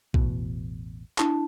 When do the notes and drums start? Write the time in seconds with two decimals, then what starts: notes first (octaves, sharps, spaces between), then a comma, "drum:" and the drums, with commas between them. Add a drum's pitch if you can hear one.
0.14 A1 E2 B2, drum: kick B1
1.18 D4 E4 A5, drum: clap